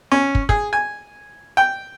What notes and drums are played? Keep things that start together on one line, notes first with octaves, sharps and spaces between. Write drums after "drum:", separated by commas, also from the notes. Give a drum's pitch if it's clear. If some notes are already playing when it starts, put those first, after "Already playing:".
C#4
drum: kick
G#4, drum: kick
G#5
G5